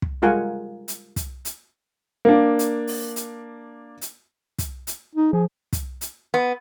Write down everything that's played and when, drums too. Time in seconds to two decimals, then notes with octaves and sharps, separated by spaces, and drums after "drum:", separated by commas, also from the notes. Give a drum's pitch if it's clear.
0.02 drum: kick
0.22 G3 G#3 F4 A#4 F#5 G#5
0.88 drum: hi-hat
1.16 drum: kick, hi-hat
1.45 drum: hi-hat
2.25 A#3 D4
2.59 drum: hi-hat
2.87 drum: open hi-hat
3.16 drum: hi-hat
4.01 drum: hi-hat
4.59 drum: kick, hi-hat
4.87 drum: hi-hat
5.16 D#4
5.33 F3 G#4
5.73 drum: kick, hi-hat
6.01 drum: hi-hat
6.34 B3